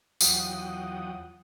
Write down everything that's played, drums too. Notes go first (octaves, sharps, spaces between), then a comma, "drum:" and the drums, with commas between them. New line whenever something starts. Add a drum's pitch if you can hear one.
E2 F#3 F4 F#5 G5 D#6, drum: tambourine